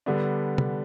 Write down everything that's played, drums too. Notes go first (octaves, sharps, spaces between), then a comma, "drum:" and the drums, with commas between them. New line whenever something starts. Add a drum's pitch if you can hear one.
D3 G3 B3 D4
drum: tom C3